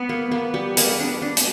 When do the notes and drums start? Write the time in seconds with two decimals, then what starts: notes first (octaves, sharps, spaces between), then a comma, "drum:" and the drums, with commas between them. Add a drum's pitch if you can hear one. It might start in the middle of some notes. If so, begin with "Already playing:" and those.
Already playing: B3
0.09 A#3
0.31 A#3 B3
0.54 G3
0.77 A#3, drum: hi-hat
1.00 D4
1.22 D4
1.37 drum: hi-hat